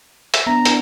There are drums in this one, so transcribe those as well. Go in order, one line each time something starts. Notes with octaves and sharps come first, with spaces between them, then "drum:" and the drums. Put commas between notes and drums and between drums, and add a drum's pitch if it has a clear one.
E5, drum: hi-hat
B3 D4 A#5
D4 E4, drum: hi-hat